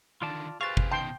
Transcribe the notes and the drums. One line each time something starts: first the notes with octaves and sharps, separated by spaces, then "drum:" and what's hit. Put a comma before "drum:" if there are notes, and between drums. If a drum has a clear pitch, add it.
D3 D#3 F4 D5 A5
G4 G#4 B4 C5 F5 C#6 A6
drum: kick G1
B2 D#3 G5 A5 C6